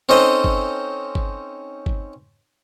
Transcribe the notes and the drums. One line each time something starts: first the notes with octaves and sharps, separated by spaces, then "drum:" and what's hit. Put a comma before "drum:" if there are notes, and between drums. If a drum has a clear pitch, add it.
C4 C#4 D#4 A4 C5 D#5
drum: kick G1
drum: kick G1
drum: kick G1